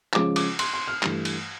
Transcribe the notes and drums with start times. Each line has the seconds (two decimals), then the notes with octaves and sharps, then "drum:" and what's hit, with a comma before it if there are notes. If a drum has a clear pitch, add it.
0.13 C#3 F3 G#3 C#4 F4 D6, drum: clap
0.36 D6, drum: cymbal
0.59 C6, drum: cymbal
0.73 C6
0.88 F6
1.02 G2 E3 A3, drum: clap
1.25 drum: cymbal